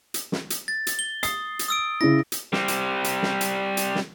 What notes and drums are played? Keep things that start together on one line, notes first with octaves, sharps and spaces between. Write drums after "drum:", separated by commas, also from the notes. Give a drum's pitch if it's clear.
drum: hi-hat
drum: snare
drum: hi-hat
A6
drum: hi-hat
G7
D#6 C7, drum: hi-hat
drum: hi-hat
D#6 E6 D7
C#3 E4 A#6
drum: hi-hat
G3 C4, drum: snare
drum: hi-hat
drum: hi-hat
drum: snare
drum: hi-hat
drum: hi-hat
drum: snare